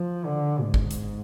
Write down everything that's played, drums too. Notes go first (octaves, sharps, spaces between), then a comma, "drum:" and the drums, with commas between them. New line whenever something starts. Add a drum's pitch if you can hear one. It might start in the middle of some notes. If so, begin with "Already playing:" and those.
Already playing: F3
D3
G#2
drum: kick
drum: hi-hat